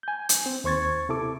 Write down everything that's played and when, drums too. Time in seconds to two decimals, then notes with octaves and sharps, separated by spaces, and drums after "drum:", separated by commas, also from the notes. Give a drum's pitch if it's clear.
0.03 G#5 G6
0.29 drum: hi-hat
0.46 C4
0.64 D#2 C5 C#6 G#6 A6
1.09 C3 E4 A4 D6